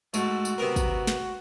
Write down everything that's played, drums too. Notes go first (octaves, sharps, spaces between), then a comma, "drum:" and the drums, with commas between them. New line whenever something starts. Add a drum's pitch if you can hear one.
G#2 A3 F#4, drum: tambourine
drum: tambourine
C3 B3 A#4
drum: kick, tambourine
drum: snare